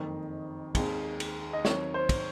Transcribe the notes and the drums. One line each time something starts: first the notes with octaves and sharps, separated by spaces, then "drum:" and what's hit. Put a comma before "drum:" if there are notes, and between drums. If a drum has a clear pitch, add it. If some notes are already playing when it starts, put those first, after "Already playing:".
Already playing: F#1 F2 D#3 D#5
D#2 D#3 G#3 C4, drum: kick, cymbal
drum: cymbal
D#5
D#2 D#3 F#3 C4 C#5, drum: snare
C5
drum: kick, cymbal